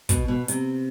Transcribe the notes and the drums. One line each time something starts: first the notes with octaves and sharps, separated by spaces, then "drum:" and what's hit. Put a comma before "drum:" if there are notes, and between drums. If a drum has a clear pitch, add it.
B2, drum: kick, hi-hat
B2
C3, drum: hi-hat